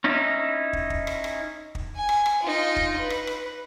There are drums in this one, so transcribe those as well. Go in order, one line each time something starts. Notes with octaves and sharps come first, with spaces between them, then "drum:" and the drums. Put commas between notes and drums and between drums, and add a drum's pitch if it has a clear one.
C#4 D#4 E4
drum: kick
drum: kick
drum: rim click
drum: rim click
drum: kick
G#5
drum: rim click
drum: rim click
D#4 F4
drum: kick
B4
drum: rim click
drum: rim click